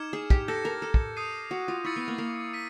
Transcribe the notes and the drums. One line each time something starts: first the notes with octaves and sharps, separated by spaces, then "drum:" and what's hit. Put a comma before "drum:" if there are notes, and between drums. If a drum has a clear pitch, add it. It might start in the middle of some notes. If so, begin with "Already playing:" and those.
Already playing: D#4 D6 F6 G#6 C#7 E7
G#4
G4, drum: kick
A4 G6 A#6 C#7
A#4
A4
drum: kick
D#6 G6 C7 D#7
F#4
F4
E4 C#6 E6 A6 C#7
B3
A#3
A#3
B6 D#7